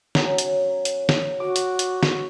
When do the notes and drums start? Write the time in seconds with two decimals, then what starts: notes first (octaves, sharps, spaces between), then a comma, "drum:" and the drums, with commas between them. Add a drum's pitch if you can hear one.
0.15 F#3 C#4, drum: snare
0.38 drum: hi-hat
0.85 drum: hi-hat
1.09 drum: snare
1.40 F#4 D6
1.56 drum: hi-hat
1.79 drum: hi-hat
2.03 drum: snare